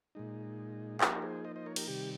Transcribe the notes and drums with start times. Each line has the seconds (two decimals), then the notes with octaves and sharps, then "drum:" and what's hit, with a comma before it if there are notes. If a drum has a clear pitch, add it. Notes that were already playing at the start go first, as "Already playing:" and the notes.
0.15 A#2 G#3 D#4
1.01 F3 A#3 D#4 G4 A#4, drum: clap
1.22 G#4 C5
1.45 C5 D#5
1.56 C5 D#5
1.66 A#4 C#5
1.76 G4 A#4, drum: cymbal
1.87 C3 D#3 G3 G4